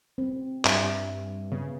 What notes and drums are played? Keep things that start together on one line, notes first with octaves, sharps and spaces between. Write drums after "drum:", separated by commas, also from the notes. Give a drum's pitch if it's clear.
C4
G2 E5, drum: clap
C#3 B3